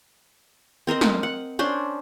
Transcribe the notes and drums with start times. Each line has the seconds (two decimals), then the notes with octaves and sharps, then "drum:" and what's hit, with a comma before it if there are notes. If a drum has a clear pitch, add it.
0.87 C4 A#4 C5 D#5
1.01 drum: snare
1.23 F#5
1.59 C#4 D4 C5